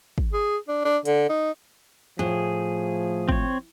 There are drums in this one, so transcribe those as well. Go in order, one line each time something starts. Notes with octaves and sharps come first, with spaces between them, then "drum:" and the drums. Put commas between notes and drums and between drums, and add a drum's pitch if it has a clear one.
drum: kick
G#4
D4
D4
D3, drum: hi-hat
D#4
A2 F3 G#4
C4 C#5, drum: kick